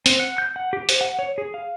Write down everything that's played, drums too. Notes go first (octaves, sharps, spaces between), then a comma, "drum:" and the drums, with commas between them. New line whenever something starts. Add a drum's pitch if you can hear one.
C4, drum: hi-hat
F#5
G6
F#5
G4
C5, drum: hi-hat
F#5
C#5
G#4
F5